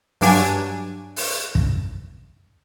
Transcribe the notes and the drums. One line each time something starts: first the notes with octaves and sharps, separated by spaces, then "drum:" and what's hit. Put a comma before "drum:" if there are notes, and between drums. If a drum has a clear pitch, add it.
G2 F#3 D4 G#5, drum: open hi-hat
drum: open hi-hat
drum: kick